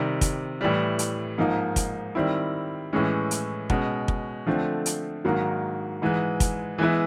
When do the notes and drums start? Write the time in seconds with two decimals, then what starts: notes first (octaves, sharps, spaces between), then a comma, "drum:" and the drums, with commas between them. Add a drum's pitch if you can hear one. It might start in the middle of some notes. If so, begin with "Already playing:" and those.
Already playing: C3 D#3 G3
0.21 drum: kick, hi-hat
0.61 A2 E3 G3
0.99 drum: hi-hat
1.38 G#2 F3 A#3 D#4
1.76 drum: kick, hi-hat
2.15 D#3 G3 C4 E4
2.93 A2 E3 G#3 C#4
3.31 drum: hi-hat
3.70 B2 G#3 C#4, drum: kick
4.08 drum: kick
4.47 D3 F3 A3 C4
4.86 drum: hi-hat
5.25 G#2 D#3 F#3 A#3
6.02 G#2 E3 G#3
6.40 drum: kick, hi-hat
6.78 E3 G#3 B3 E4